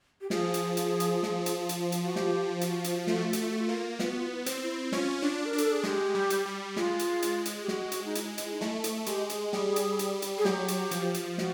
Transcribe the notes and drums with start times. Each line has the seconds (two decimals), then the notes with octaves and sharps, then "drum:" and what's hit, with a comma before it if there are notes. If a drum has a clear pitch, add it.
0.21 G4
0.30 F3 G#4, drum: snare
0.54 drum: hi-hat
0.77 drum: hi-hat
1.00 drum: hi-hat
1.23 drum: snare
1.46 drum: hi-hat
1.69 drum: hi-hat
1.92 drum: hi-hat
2.04 F#4
2.16 G4, drum: snare
2.61 F#4, drum: hi-hat
2.84 drum: hi-hat
3.07 A3 F4, drum: snare
3.15 F#4
3.24 F4
3.33 F#4, drum: hi-hat
3.38 A3 F4
3.50 F#4
3.59 F4
3.69 A#3
3.99 B3 F4, drum: snare
4.09 F#4
4.18 F4
4.31 E4
4.46 C4, drum: hi-hat
4.62 E4
4.92 C#4 F4, drum: snare
5.22 D4
5.45 A#4
5.53 D4
5.58 A4, drum: hi-hat
5.72 G#4
5.83 G#3 G4, drum: snare
6.15 G3
6.30 drum: hi-hat
6.46 G3
6.76 G#3 F4, drum: snare
6.99 drum: hi-hat
7.22 drum: hi-hat
7.45 drum: hi-hat
7.63 G4
7.68 F#4, drum: snare
7.92 drum: hi-hat
8.06 D#4
8.15 E4, drum: hi-hat
8.38 drum: hi-hat
8.52 D#4
8.61 A3 E4, drum: snare
8.84 drum: hi-hat
9.06 G#3 G4, drum: hi-hat
9.30 G#4, drum: hi-hat
9.53 G3, drum: snare
9.76 drum: hi-hat
9.99 drum: hi-hat
10.22 drum: hi-hat
10.38 G#4
10.45 F#3 G4, drum: snare
10.68 drum: hi-hat
10.91 F3, drum: hi-hat
11.14 drum: hi-hat
11.38 F#4, drum: snare